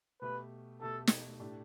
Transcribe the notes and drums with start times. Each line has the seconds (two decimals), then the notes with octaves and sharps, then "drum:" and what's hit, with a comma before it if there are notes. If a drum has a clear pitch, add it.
0.21 B2 A3 G4 B4
0.80 B2 A3 G4 A4
1.07 drum: snare
1.40 A2 A3 D4 G4